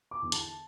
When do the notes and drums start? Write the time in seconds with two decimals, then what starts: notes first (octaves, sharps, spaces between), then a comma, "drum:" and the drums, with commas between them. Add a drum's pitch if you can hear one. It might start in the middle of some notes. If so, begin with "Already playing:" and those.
0.11 D6
0.22 E2 D3
0.32 A5, drum: hi-hat